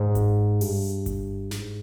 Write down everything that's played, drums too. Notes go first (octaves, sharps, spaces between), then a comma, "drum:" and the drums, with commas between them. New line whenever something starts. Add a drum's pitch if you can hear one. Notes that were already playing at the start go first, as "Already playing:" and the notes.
Already playing: G#2
drum: kick G1, hi-hat
G2, drum: open hi-hat
drum: kick G1, hi-hat
G#2, drum: snare